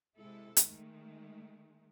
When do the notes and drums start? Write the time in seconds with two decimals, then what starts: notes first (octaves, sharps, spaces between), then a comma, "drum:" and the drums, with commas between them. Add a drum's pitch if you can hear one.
0.16 C3 G#3 E4 A4
0.57 D#3 G#3 A3, drum: hi-hat